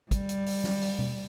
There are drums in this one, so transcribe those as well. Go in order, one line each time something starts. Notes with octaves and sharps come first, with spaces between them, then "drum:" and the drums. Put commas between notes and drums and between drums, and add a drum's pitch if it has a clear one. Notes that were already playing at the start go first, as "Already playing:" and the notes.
G3, drum: kick, hi-hat
drum: hi-hat
drum: open hi-hat
drum: snare
drum: open hi-hat
drum: tom B2